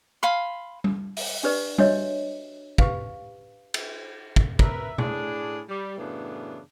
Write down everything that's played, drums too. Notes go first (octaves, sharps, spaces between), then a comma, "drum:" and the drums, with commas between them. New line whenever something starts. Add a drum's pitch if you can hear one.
F5 G#5 B5 C6
drum: tom G3
drum: open hi-hat
D4 G4 B4 D5
D4 F#4 C#5 D#5 E5, drum: tom G3
G4 B4 F5, drum: kick
drum: cymbal
drum: kick
A#4 B4 E5, drum: kick
A2 D4 G#4, drum: tom B2
G3
F#2 A2 C#3 E3 B3 D4